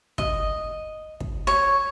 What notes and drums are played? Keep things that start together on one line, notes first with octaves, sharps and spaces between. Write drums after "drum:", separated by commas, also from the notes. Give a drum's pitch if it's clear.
D#5, drum: kick
drum: kick
C#5